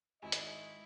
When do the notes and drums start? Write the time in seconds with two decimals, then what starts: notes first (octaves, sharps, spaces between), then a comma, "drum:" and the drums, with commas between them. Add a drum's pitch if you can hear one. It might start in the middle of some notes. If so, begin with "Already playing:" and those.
0.23 G#1 E4 D#5 G#5
0.32 drum: hi-hat